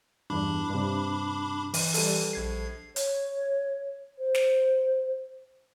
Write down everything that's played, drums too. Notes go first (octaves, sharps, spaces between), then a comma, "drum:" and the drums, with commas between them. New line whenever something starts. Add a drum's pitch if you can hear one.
E2 G2 D4 B5 D6
G2 C3
E3, drum: open hi-hat
G3 A4, drum: open hi-hat
A#1 G#6 C7
C#5, drum: hi-hat
C5
drum: snare